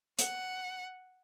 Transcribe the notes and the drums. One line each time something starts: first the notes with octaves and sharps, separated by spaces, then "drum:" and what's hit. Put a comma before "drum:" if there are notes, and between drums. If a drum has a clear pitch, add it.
F#5, drum: hi-hat